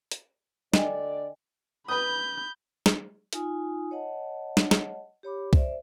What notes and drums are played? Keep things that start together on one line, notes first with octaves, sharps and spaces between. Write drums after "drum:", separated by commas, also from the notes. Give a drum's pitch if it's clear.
drum: hi-hat
D2 D3 D5 D#5 G5 G#5, drum: snare
B4 B5 D#6 G6
drum: snare
D#4 F4 G#5 D#6, drum: hi-hat
C#5 D#5 F#5 A5
drum: snare
drum: snare
G4 C#5 B5 D6
C5 D5 E5, drum: kick